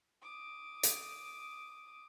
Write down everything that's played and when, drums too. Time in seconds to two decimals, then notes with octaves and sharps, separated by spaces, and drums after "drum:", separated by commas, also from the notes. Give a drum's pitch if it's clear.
0.22 D6 D#6
0.83 drum: hi-hat